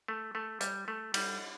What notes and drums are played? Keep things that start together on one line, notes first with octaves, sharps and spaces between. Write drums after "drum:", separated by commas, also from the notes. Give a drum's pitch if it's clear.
A3
A3
G3, drum: hi-hat
A3
G3, drum: cymbal